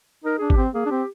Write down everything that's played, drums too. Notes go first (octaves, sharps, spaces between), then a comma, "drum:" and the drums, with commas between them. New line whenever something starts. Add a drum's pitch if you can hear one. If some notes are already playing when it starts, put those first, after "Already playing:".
D#4 A#4
D4 G#4
G4, drum: kick G#1
C4
A#3 G#4
D4
C4 G4